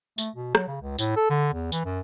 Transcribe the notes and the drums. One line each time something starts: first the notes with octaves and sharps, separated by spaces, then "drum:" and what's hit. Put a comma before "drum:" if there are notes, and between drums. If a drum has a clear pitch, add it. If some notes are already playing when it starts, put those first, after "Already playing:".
A3, drum: tambourine
B2
F#3, drum: rim click
C#3
C#2
A2, drum: tambourine
A4
D3
E2
E3, drum: tambourine
F#2